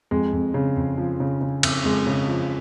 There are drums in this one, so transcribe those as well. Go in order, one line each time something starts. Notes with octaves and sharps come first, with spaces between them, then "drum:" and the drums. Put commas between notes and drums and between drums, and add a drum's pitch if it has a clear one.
F2 G#3
F2
C#3
F2
F3
C#3
C#3
F2, drum: cymbal
F2 G#3
C#3
F3